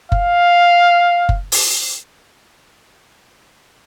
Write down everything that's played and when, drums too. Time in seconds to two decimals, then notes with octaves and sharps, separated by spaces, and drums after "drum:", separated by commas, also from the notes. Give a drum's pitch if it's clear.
0.12 F5, drum: kick F#1
1.29 drum: kick F#1
1.52 drum: open hi-hat